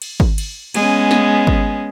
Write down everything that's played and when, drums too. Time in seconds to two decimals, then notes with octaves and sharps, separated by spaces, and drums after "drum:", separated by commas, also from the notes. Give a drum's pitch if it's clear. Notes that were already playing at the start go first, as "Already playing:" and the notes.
0.02 drum: cymbal
0.20 drum: kick G#1
0.38 drum: cymbal
0.74 G#3 B3 C#4, drum: cymbal
1.11 drum: snare
1.47 drum: kick G#1